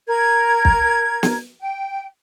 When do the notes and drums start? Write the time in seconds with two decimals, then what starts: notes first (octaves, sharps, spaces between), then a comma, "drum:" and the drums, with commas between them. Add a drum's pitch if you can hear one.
0.07 A#4 G#6
0.65 drum: kick
1.23 drum: snare
1.60 G5